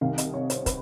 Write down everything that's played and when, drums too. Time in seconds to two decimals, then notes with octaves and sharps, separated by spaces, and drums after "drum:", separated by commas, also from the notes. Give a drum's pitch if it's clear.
0.01 C2 C3 D#3 F5
0.18 D#5, drum: hi-hat
0.34 C#5
0.50 C5, drum: hi-hat
0.66 B4, drum: kick, hi-hat